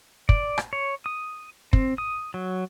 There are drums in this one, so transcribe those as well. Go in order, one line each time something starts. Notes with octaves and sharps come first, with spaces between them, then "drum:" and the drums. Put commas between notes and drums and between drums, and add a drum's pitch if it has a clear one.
D5, drum: kick
drum: rim click
C#5
D#6
C4, drum: kick
D#6
F#3